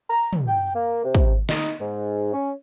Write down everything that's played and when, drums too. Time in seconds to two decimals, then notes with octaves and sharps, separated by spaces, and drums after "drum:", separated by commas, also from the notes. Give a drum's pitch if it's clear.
0.10 A#5
0.33 drum: tom
0.48 G5
0.74 A#3
1.05 C3
1.15 drum: kick
1.49 D#4, drum: snare
1.80 G#2
2.33 C#4